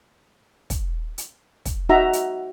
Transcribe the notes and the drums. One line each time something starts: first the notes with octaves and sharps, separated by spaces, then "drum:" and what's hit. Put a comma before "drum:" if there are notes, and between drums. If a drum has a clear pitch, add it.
drum: kick, hi-hat
drum: hi-hat
drum: kick, hi-hat
D#4 F#4 E5 A#5
drum: hi-hat